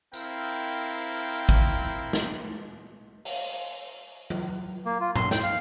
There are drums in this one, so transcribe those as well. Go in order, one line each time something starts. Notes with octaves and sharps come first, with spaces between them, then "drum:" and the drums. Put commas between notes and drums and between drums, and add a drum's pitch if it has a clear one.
C4 E4 A#4 F5 G5, drum: tambourine
drum: kick A1
drum: snare
drum: open hi-hat
drum: tom F#3
A#3
F4
C6, drum: tom A2
G5, drum: snare
F5